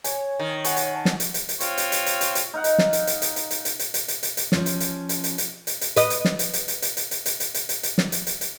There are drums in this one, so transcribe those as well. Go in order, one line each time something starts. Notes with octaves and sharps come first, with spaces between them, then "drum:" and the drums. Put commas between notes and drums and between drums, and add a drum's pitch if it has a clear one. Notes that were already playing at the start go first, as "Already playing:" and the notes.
C#5 G#5, drum: hi-hat
D#3
F#5 G#5 C#6, drum: hi-hat
drum: hi-hat
A5
drum: snare
drum: hi-hat
drum: hi-hat
drum: hi-hat
C4 F4 C#5, drum: hi-hat
drum: hi-hat
drum: hi-hat
drum: hi-hat
drum: hi-hat
drum: hi-hat
D#4 F5 F#5
drum: hi-hat
drum: snare
drum: hi-hat
drum: hi-hat
drum: hi-hat
drum: hi-hat
drum: hi-hat
drum: hi-hat
drum: hi-hat
drum: hi-hat
drum: hi-hat
drum: hi-hat
drum: hi-hat
F3 C#4, drum: snare
drum: hi-hat
drum: hi-hat
drum: hi-hat
drum: hi-hat
drum: hi-hat
drum: hi-hat
drum: hi-hat
B4 D#5, drum: hi-hat
drum: hi-hat
drum: snare
drum: hi-hat
drum: hi-hat
drum: hi-hat
drum: hi-hat
drum: hi-hat
drum: hi-hat
drum: hi-hat
drum: hi-hat
drum: hi-hat
drum: hi-hat
drum: hi-hat
drum: snare
drum: hi-hat
drum: hi-hat
drum: hi-hat